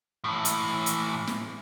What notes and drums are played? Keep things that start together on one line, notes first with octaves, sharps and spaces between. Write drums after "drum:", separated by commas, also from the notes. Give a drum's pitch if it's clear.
A2 E3
drum: hi-hat
drum: hi-hat
drum: snare